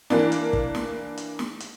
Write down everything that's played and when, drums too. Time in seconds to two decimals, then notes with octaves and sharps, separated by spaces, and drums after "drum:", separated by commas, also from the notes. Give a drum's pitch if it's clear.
0.10 E3 A#3 D4, drum: snare
0.32 drum: hi-hat
0.53 drum: kick
0.75 drum: snare
1.17 drum: hi-hat
1.39 drum: snare
1.60 drum: hi-hat